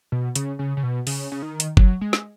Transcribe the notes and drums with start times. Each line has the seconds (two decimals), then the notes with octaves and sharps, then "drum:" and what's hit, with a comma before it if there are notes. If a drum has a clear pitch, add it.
0.12 B2
0.36 C#3, drum: hi-hat
0.59 C#3
0.77 C#3
0.83 B2
1.07 C#3, drum: open hi-hat
1.32 C#3
1.42 D#3
1.60 drum: hi-hat
1.77 F#3, drum: kick F#1
2.01 G#3
2.13 drum: snare